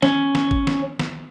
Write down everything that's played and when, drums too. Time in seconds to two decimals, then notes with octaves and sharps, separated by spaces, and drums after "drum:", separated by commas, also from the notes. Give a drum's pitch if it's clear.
0.02 C#4, drum: snare
0.35 drum: snare
0.51 drum: kick G#1
0.67 drum: snare
0.99 drum: snare